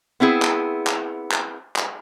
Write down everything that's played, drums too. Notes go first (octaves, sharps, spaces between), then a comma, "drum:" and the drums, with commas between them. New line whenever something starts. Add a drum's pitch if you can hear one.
B3 C4 E4 G#4
drum: clap
drum: clap
drum: clap
drum: clap